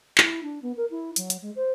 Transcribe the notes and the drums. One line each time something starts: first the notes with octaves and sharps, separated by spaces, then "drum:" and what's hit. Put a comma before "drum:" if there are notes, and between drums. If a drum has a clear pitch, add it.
E4, drum: clap
D4
B3
A#4
E4
F#3, drum: hi-hat
drum: hi-hat
G#3
C5